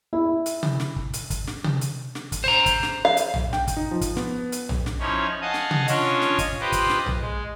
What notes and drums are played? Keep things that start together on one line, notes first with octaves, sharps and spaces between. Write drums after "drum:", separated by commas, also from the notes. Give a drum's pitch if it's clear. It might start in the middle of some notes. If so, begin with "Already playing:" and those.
E4
drum: hi-hat
drum: tom C3
drum: snare
drum: kick
drum: hi-hat
drum: kick, hi-hat
drum: snare
drum: tom C3
drum: hi-hat
drum: snare
drum: kick, hi-hat
C5 A#5
drum: kick, hi-hat
drum: snare
F5
drum: hi-hat
drum: tom A#1
G5, drum: snare
drum: kick, hi-hat
D#4
F3
drum: kick, hi-hat
B3, drum: snare
drum: hi-hat
drum: tom A#1
drum: snare
F3 C#4 D#4 E4 C#5
D#5 F5 F#5 G#5 A5 D#6
drum: snare
drum: tom C3
C#4 D4 F4 C#5 D#5, drum: hi-hat
drum: snare
drum: kick, hi-hat
F4 G4 B4 C5 D#5
drum: kick, hi-hat
drum: snare
drum: tom A#1
G#3